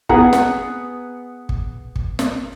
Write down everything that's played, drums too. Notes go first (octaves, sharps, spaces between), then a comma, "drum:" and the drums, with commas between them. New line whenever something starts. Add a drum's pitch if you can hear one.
B3 G#4 F#5 A#5, drum: kick
drum: snare
drum: kick
drum: kick
drum: snare